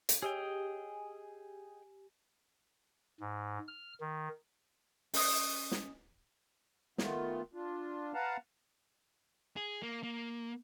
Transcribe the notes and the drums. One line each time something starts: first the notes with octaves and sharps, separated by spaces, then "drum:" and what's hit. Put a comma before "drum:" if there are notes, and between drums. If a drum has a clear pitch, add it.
drum: hi-hat
G4 G#4 D#5 G5 G#5
G#2
F6
D#3
C#4 D#5, drum: open hi-hat
drum: snare
D#3 A3 B3 F4, drum: snare
D4 F4
B4 F5 F#5 A5 A#5
G#4
A#3
A#3